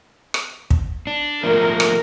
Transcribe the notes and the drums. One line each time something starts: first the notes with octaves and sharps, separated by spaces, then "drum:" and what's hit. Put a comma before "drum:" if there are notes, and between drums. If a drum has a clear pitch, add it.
drum: rim click
drum: kick
D4
F3 A3 A#3 A#4
drum: rim click